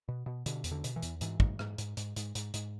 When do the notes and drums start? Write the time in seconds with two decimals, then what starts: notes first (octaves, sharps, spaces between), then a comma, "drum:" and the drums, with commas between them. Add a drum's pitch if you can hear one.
0.08 B2
0.26 B2
0.46 B2 D3, drum: hi-hat
0.64 E2, drum: hi-hat
0.71 D3
0.84 B2, drum: hi-hat
0.96 E3
1.02 E2, drum: hi-hat
1.21 G#2 E3, drum: hi-hat
1.40 G#2, drum: kick
1.59 G#2, drum: rim click
1.78 G#2, drum: hi-hat
1.97 G#2, drum: hi-hat
2.16 G#2, drum: hi-hat
2.35 G#2, drum: hi-hat
2.54 G#2, drum: hi-hat